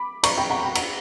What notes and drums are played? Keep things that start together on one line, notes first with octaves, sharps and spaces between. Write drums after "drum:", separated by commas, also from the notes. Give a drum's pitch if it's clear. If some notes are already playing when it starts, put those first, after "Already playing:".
Already playing: B5 D6
A#5 C#6, drum: cymbal
G5 B5
F#5 A#5
G5 B5
F#5 A#5, drum: cymbal